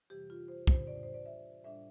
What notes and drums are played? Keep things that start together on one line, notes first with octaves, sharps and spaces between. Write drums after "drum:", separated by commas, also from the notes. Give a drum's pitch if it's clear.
F2 C3 E3 G3 G4
F4
C5
C5, drum: kick
C5
A2 G3 D4 D5
C5
D5
E5
A2 G3 D4 E5